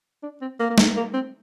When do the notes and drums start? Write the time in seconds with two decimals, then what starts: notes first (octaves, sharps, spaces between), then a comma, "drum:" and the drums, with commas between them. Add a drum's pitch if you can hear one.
0.23 D4
0.41 C4
0.60 A#3
0.70 A#3
0.78 G#3, drum: snare
0.97 A#3
1.14 C4